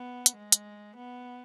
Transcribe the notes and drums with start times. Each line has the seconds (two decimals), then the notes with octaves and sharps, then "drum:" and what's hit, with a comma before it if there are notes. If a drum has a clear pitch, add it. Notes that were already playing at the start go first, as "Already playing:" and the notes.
Already playing: B3
0.26 drum: hi-hat
0.37 G#3
0.52 drum: hi-hat
0.96 B3